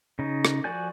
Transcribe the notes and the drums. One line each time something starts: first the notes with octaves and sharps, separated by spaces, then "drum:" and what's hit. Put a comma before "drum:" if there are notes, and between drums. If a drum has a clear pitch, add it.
C#3 D#4
drum: rim click
F3 F#4 D5 G#5 G6